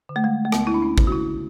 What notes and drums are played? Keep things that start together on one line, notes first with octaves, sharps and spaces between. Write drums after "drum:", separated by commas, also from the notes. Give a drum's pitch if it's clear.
D3
A3
G#3
A3
D2 B3, drum: rim click
E4
D4
C#4
D3, drum: kick
F#4
E4